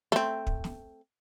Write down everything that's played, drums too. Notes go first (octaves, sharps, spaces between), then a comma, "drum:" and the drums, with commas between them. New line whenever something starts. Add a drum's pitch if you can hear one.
A3 C4, drum: snare
drum: kick
drum: snare